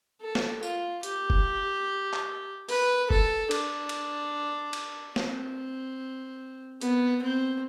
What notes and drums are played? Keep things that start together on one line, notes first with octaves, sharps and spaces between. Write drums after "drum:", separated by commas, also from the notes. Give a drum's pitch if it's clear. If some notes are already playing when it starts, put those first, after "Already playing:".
A4
drum: snare
F4, drum: tambourine
G4, drum: hi-hat
drum: kick F#1
drum: clap
B4, drum: open hi-hat
A4, drum: kick F#1
D4, drum: cymbal
drum: cymbal
drum: cymbal
C4, drum: snare
B3, drum: hi-hat
C4